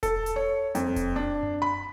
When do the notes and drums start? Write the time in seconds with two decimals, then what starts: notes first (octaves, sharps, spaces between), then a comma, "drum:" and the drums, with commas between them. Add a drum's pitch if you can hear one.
0.03 A4, drum: kick E1, hi-hat
0.26 drum: hi-hat
0.36 C#5
0.75 F2, drum: hi-hat
0.96 drum: kick E1, hi-hat
1.16 D4
1.43 drum: tom F#2
1.62 B5